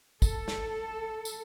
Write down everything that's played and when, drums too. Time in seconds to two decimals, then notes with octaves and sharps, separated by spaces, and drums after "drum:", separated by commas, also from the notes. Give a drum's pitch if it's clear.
0.22 A4, drum: kick, tambourine
0.48 drum: snare
1.25 drum: tambourine